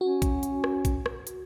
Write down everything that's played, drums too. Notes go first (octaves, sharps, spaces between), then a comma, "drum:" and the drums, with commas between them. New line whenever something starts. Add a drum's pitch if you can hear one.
C#4 F#4
drum: kick A1, hi-hat
drum: hi-hat
drum: rim click
drum: kick A1, hi-hat
drum: rim click
drum: hi-hat